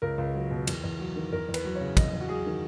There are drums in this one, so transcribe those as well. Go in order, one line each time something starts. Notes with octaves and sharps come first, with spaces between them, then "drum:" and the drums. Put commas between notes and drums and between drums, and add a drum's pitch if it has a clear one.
C#2 A#4
C#2
F#3
B2
E2, drum: cymbal
E2
F#3
D#3
E2 A#4
E2
B4, drum: cymbal
F#3
C#5
C#3
E2 D#5, drum: kick, cymbal
E2
F#4
F#3 G#4
D#3